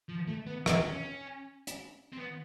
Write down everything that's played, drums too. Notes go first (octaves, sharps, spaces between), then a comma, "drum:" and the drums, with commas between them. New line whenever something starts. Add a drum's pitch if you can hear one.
F3
A3
B3
C4, drum: rim click
C#4
drum: hi-hat
C4
B3